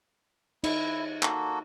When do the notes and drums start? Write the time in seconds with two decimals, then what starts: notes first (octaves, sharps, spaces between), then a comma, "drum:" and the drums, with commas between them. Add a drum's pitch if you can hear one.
0.64 D#4 E4, drum: cymbal
1.23 A#3 F#4 A4, drum: clap